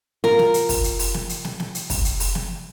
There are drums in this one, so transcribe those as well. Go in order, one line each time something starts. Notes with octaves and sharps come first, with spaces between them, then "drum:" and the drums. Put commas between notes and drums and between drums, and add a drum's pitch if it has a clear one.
F4 A#4, drum: snare
drum: snare
drum: hi-hat
drum: kick, open hi-hat
drum: hi-hat
drum: open hi-hat
drum: snare
drum: hi-hat
drum: snare
drum: snare
drum: hi-hat
drum: kick, open hi-hat
drum: hi-hat
drum: open hi-hat
drum: snare